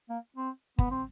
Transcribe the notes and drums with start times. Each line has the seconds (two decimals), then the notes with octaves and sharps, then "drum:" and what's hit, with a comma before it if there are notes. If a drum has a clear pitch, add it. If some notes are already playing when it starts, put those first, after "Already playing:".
0.09 A#3
0.37 C4
0.79 B3, drum: kick
0.91 C4